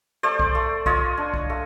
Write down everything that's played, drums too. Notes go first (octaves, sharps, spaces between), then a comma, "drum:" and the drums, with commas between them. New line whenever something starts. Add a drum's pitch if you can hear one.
A3 C5 D5
drum: kick B1
A3
F4 C#5 D#5, drum: kick B1
D4
drum: kick B1
A3